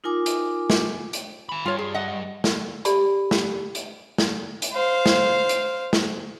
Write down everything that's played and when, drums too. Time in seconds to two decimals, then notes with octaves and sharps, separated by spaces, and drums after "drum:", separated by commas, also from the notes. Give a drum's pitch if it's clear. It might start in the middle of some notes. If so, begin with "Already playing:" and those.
0.04 D#4 F4 A#4 G#5 D6
0.26 drum: hi-hat
0.70 drum: snare
1.13 drum: hi-hat
1.49 G#5 B5
1.66 G2 F4 C#5
1.79 G#4
1.94 D#5 F#5
2.44 drum: snare
2.85 G4 A4 D5 B5, drum: hi-hat
3.31 drum: snare
3.75 drum: hi-hat
4.18 drum: snare
4.62 drum: hi-hat
4.73 C5 F5
5.06 drum: snare
5.49 drum: hi-hat
5.93 drum: snare